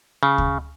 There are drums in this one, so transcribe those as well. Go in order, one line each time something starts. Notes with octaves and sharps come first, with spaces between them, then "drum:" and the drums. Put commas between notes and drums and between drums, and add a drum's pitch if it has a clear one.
C#3
drum: kick D2